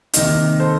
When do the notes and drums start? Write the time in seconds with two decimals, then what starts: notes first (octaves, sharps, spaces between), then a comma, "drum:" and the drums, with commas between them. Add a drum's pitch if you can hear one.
0.13 C3 D#3 A#3 D#4, drum: hi-hat
0.60 A4 C5